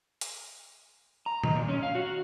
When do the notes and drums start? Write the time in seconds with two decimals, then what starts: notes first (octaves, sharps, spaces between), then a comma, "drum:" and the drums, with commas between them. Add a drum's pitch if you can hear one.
0.21 drum: hi-hat
1.26 A#5
1.44 D#3, drum: tom A#2
1.55 A#2
1.68 C#4
1.83 F5
1.95 F#4